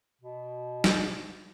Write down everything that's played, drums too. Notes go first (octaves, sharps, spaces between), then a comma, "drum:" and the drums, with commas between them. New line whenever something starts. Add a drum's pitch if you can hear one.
B2
drum: snare